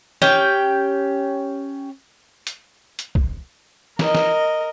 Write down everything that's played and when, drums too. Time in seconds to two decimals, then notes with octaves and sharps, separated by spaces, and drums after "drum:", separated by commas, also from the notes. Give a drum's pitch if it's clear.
0.22 C#4 G4 G5, drum: snare
2.47 drum: hi-hat
2.99 drum: hi-hat
3.15 drum: kick
3.99 A#4 D#5, drum: snare
4.15 drum: snare